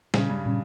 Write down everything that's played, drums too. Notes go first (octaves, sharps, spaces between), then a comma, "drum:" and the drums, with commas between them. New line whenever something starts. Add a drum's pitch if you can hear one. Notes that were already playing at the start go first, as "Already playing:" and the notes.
A#2 C#3 G3 C#4, drum: snare
G2
A#2 G3 C#4